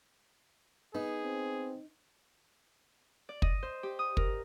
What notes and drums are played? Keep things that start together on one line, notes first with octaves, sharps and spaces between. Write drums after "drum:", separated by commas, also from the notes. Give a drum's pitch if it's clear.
B3 D#4 G#4
C4
D5
D#5, drum: kick
C5
G4
D#6
A#4, drum: kick